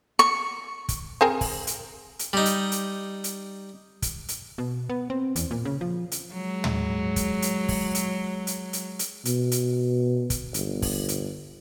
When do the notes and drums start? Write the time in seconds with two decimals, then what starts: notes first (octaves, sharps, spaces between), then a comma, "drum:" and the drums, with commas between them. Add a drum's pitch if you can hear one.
0.19 C#6
0.89 drum: kick, hi-hat
1.21 C4 G#4 A#4
1.41 drum: kick, open hi-hat
1.67 drum: hi-hat
2.19 drum: hi-hat
2.33 G3 D#4
2.45 drum: hi-hat
2.72 drum: hi-hat
3.24 drum: hi-hat
4.02 drum: kick, hi-hat
4.28 drum: hi-hat
4.58 B2
4.90 B3
5.10 C4
5.36 E2, drum: hi-hat
5.51 A#2
5.65 C#3
5.81 F3
6.12 drum: hi-hat
6.33 F#3 G#3
6.64 drum: tom
7.16 drum: kick, hi-hat
7.42 drum: hi-hat
7.68 drum: kick, open hi-hat
7.95 drum: hi-hat
8.47 drum: hi-hat
8.73 drum: hi-hat
8.99 drum: hi-hat
9.25 B2, drum: hi-hat
9.52 drum: hi-hat
10.30 drum: kick, hi-hat
10.54 G1, drum: hi-hat
10.82 drum: kick, open hi-hat
11.08 drum: hi-hat